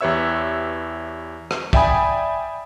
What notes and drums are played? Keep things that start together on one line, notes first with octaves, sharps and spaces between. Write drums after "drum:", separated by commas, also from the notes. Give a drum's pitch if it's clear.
E2 G4 B4 C#5 E5 E6
drum: rim click
D5 E5 G5 G#5 B5 D#6, drum: kick